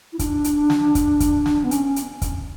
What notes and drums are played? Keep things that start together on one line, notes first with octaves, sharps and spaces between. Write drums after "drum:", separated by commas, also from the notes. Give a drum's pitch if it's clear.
E4
D4, drum: kick, hi-hat
drum: hi-hat
drum: snare
drum: kick, hi-hat
drum: kick, hi-hat
drum: snare
B3
C#4, drum: hi-hat
drum: hi-hat
drum: kick, hi-hat